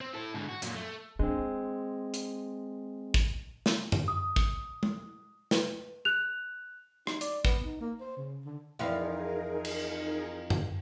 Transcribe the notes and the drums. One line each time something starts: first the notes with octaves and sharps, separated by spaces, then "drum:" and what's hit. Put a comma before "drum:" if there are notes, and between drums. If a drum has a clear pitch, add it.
C4
E4 A4
G#2 D3
F#4
F#2 A#2, drum: hi-hat
A3
G#3 C4 D4
drum: hi-hat
drum: kick
drum: snare
drum: tom F#2
D#6
drum: kick
drum: tom G#3
B4, drum: snare
F#6 F7
D#4, drum: rim click
D5, drum: hi-hat
B3, drum: kick
D#4
A#3
C5
C#3
D3
F2 E3 D#4 G#4 A#4 F5
drum: cymbal
drum: tom F#2